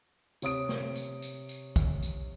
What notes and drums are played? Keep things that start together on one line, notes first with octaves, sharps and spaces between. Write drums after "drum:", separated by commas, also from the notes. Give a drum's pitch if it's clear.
C3 C#5 D#6 D7, drum: tambourine
drum: snare
drum: tambourine
drum: tambourine
drum: tambourine
drum: kick A#1, tambourine
drum: tambourine